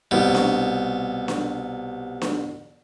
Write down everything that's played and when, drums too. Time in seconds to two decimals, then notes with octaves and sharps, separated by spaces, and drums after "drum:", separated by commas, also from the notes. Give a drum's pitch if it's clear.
0.11 C2 B2
0.35 drum: snare D4
1.28 drum: snare D4
2.22 drum: snare D4